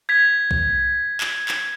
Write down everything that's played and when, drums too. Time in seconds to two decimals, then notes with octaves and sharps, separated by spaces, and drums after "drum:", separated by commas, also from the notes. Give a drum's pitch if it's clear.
0.09 G#6 B6
0.51 drum: kick B1
1.21 drum: clap
1.48 drum: clap